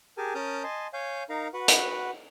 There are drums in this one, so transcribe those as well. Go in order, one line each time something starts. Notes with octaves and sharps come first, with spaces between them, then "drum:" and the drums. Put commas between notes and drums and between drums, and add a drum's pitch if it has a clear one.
G4 G#4 A#4 G#5 A5
C#4 A#4 A5 D#6 F6 G6
D#5 G#5 A5 C6
C#5 F5 G#5 G6
D#4 A#4 F5 A#5
F#4 B4 F#5
drum: hi-hat